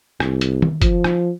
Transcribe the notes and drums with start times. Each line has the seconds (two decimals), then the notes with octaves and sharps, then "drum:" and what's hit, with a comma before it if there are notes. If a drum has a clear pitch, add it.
0.20 C2, drum: rim click
0.41 drum: hi-hat
0.62 drum: tom D#3
0.82 F3, drum: kick, hi-hat
1.04 drum: rim click